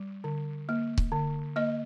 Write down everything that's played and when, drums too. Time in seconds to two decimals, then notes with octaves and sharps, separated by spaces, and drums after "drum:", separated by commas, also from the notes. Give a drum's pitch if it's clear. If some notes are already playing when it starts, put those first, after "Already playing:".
Already playing: G3
0.24 D3
0.69 A#3
0.98 drum: kick C#1
1.12 D3
1.56 A#3 D#5